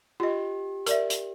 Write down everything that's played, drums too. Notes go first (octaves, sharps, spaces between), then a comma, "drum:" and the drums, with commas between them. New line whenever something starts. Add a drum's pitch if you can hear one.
F4 G4 D#5
A#4 D5 E5, drum: hi-hat
drum: hi-hat